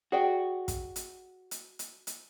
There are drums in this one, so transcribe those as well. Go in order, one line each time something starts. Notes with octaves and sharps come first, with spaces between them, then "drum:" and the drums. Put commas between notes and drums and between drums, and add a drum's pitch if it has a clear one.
F#4 G#4 D5 G5
drum: kick, hi-hat
drum: hi-hat
drum: hi-hat
drum: hi-hat
drum: hi-hat